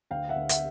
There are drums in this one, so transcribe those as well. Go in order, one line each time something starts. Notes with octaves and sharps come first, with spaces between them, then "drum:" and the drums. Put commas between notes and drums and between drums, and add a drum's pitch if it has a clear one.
D2 F5 G5
E5 F#5
D2
E5 F#5, drum: hi-hat